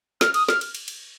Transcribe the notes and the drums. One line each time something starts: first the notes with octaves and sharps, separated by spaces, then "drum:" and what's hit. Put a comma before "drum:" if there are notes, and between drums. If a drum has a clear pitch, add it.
F6, drum: snare
D#6, drum: cymbal
F6, drum: snare
drum: cymbal
drum: cymbal
drum: cymbal